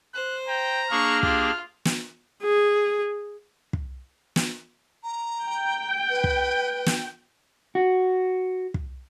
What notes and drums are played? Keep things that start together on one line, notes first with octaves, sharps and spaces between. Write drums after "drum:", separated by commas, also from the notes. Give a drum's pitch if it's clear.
C5 F#6
G5 A#5
A#3 D4 G#4 C#6 F6
F4 G4, drum: kick
drum: snare
G#4
drum: kick
drum: snare
A#5
G5
B4
drum: kick
drum: snare
F#4
drum: kick